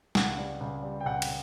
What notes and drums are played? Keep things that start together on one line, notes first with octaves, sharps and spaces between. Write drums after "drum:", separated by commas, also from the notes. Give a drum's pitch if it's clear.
C#2 F#5, drum: snare
G3
C#2
G3
G5
C#2 F#5
drum: cymbal